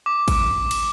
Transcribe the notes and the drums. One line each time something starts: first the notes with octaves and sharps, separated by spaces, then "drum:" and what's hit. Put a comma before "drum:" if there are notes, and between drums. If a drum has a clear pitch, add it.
D6
drum: kick A1, cymbal
drum: cymbal